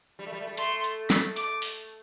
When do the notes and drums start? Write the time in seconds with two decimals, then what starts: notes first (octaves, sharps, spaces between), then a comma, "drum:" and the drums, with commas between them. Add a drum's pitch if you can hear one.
0.19 G3
0.26 A3
0.32 G3
0.41 A3
0.47 G3
0.57 A3 C6, drum: hi-hat
0.84 drum: hi-hat
1.10 drum: snare
1.36 D6, drum: hi-hat
1.62 drum: open hi-hat